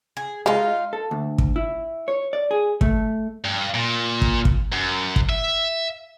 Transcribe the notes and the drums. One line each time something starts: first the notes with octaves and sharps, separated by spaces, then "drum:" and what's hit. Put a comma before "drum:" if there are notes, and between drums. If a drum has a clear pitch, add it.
G#4
G#3 D#4 F4
A4
D2
drum: kick
E4
C#5
D5
G#4
A3, drum: kick
G2
A#2
drum: kick
drum: kick
F#2
drum: kick
E5